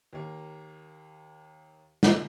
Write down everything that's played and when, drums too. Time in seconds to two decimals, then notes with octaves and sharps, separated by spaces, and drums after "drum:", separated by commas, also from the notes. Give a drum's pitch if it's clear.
0.13 D#2 A#3
2.03 drum: snare